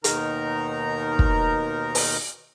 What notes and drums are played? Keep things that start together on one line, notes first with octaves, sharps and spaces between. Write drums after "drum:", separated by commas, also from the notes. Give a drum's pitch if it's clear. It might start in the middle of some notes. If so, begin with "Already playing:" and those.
D#2 B2 D#3 D#4 A#4 A#5, drum: hi-hat
drum: kick
drum: open hi-hat